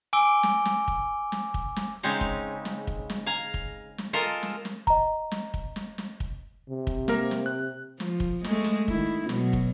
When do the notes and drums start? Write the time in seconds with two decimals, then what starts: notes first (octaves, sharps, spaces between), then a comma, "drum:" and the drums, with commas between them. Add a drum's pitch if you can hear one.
0.13 G#5 D6 E6 D7 G7
0.43 drum: snare
0.65 drum: snare
0.88 drum: kick
1.32 drum: snare
1.54 drum: kick
1.76 drum: snare
2.03 C#3 G#3 C4 D#4 A#5
2.21 drum: kick
2.65 drum: snare
2.87 drum: kick
3.10 drum: snare
3.26 F5 G#5 A#5
3.54 drum: kick
3.98 drum: snare
4.13 G#3 F4 A4 A#4 D#5
4.43 drum: snare
4.65 drum: snare
4.87 D#5 A#5, drum: kick
5.31 drum: snare
5.54 drum: kick
5.76 drum: snare
5.98 drum: snare
6.20 drum: kick
6.70 C3
6.87 drum: kick
7.08 A#3 A#4, drum: snare
7.31 drum: snare
7.46 F#6
8.00 F3, drum: snare
8.20 drum: kick
8.44 G#3 A3, drum: snare
8.64 drum: snare
8.88 D#3 E4, drum: kick
9.29 B2 F#3, drum: snare
9.53 drum: kick